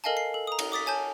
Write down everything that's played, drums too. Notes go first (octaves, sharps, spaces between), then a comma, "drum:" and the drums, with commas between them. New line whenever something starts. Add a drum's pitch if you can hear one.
A4 A#4 D#5 F5 G#5 A5
C7
A4
A#5 D#6
drum: cymbal
D6 D#6 A6 B6
C#5 G#5 A5 G6